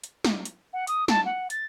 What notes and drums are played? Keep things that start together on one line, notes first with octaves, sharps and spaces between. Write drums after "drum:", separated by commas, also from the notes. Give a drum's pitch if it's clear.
drum: hi-hat
drum: snare
drum: hi-hat
F#5
D#6, drum: hi-hat
A5, drum: snare
F#5
A6, drum: hi-hat